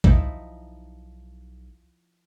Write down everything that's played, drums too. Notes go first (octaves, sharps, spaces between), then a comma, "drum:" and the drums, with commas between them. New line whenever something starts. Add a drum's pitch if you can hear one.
B1 F3 D#4 E4, drum: kick A1